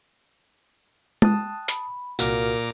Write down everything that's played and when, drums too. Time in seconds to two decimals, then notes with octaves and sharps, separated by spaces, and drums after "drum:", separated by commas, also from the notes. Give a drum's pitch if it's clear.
1.22 G5 A5 D#6 F#6, drum: tom G#3
1.68 B5, drum: hi-hat
2.19 C2 A#2 F#4 A#4 F5 A#5 D6 F6, drum: tambourine